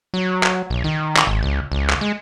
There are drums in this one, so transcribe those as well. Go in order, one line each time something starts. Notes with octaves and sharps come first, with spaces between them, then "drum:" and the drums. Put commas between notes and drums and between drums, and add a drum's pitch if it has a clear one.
F#3
drum: clap
B1
D#3
drum: clap
G#1
C#2
C#2
drum: clap
G#3